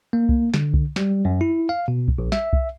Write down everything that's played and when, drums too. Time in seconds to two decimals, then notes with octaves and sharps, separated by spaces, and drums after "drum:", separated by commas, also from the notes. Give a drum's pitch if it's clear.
0.13 A#3
0.29 drum: kick C2
0.54 D3, drum: snare
0.74 drum: kick C2
0.96 G3, drum: snare
1.25 F#2
1.41 E4
1.69 F5
1.88 B2
2.08 drum: kick C2
2.18 A#1
2.32 E5, drum: snare
2.53 drum: kick C2